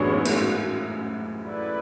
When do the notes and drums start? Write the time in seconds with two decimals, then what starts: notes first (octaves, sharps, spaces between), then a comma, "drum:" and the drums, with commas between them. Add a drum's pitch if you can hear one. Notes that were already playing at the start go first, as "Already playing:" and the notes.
Already playing: A1 F#2 A2 E3 B3 D4 G#4 C#5
0.14 G#2
0.25 A2, drum: cymbal
0.36 G#2
1.45 A3 E4 B4 D5